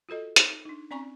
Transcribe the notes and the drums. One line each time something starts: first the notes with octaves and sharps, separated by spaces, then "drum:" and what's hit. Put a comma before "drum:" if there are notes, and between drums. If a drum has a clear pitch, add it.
F4 F#4 A4 D#5
D#4 C#5, drum: hi-hat
D4 D#4
C4 C#4 D5 G#5 A#5 C#6